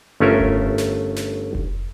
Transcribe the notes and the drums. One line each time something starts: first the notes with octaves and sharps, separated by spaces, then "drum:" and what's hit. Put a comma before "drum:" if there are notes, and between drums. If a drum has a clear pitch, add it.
G1 A3 C#4 F4 A#4 E5
drum: kick F1
drum: snare
drum: snare
drum: kick F1